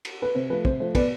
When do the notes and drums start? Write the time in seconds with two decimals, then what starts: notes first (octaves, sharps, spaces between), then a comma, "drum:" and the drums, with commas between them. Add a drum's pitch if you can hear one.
0.05 drum: cymbal
0.22 B4
0.35 C3 C5
0.50 F3 A3 B4
0.65 C3 C5, drum: kick
0.80 F3 A3 C5
0.95 B2 B4 D5, drum: kick, cymbal